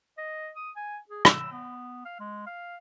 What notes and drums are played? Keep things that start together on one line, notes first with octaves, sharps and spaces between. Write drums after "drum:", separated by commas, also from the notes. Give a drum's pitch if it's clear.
D#5
D#6
G#5
G#4
E6, drum: rim click
B3
F5
G#3
F5